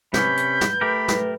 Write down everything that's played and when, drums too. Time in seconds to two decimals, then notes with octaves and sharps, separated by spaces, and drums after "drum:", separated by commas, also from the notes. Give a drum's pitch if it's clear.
0.14 C3 C#4 B4 B5 G6, drum: snare
0.37 drum: hi-hat
0.61 drum: snare
0.81 A3 G4 A#4 B5
1.08 drum: snare